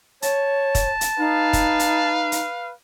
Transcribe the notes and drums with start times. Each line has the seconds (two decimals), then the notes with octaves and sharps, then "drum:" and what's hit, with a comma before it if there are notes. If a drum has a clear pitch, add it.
0.22 C#5 A5, drum: hi-hat
0.75 drum: kick, hi-hat
1.01 drum: hi-hat
1.18 D#4 B4 F5
1.53 drum: kick, hi-hat
1.79 drum: hi-hat
2.32 drum: hi-hat